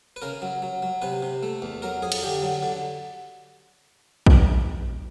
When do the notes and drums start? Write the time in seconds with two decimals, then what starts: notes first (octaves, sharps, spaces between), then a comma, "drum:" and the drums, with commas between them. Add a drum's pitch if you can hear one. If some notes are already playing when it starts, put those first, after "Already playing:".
0.16 B4
0.22 C#3 A#4
0.42 F#3
0.62 F#3
0.82 F#3
1.02 C3 B4
1.22 C3
1.43 A3
1.62 E2
1.82 F#3 A#4
2.02 F2 G#4
2.12 drum: cymbal
2.23 D3 G4
2.43 F#3
2.63 D3
4.26 drum: kick A#1